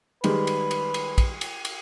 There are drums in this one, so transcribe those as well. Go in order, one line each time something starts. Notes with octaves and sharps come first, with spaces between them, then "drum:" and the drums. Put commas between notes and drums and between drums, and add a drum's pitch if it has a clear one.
D#3 G3 G#3 B4, drum: cymbal
drum: cymbal
drum: cymbal
drum: cymbal
drum: kick, cymbal
drum: cymbal
drum: cymbal